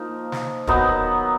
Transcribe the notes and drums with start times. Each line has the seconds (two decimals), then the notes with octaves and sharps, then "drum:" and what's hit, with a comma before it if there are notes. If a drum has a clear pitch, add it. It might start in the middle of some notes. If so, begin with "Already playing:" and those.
Already playing: F3 A#3 D#4
0.32 drum: snare
0.67 D#3 F#3 B3 D#4, drum: kick